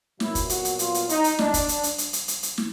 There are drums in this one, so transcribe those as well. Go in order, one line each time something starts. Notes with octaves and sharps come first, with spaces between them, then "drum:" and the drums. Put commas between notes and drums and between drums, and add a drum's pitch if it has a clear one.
A#2 F#3 B3 E4, drum: snare
drum: kick, hi-hat
F#4, drum: hi-hat
drum: hi-hat
F4, drum: hi-hat
drum: hi-hat
D#4, drum: hi-hat
drum: hi-hat
D4, drum: snare
drum: kick, hi-hat
drum: hi-hat
drum: hi-hat
drum: hi-hat
drum: hi-hat
drum: hi-hat
drum: hi-hat
drum: snare